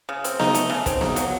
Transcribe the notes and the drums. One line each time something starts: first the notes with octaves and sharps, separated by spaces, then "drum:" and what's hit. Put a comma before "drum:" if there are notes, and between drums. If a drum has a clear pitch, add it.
C#3
C4, drum: hi-hat
D#4, drum: snare B3
A3, drum: hi-hat
C#3
C4, drum: kick, hi-hat
D#4, drum: snare B3
F#3, drum: hi-hat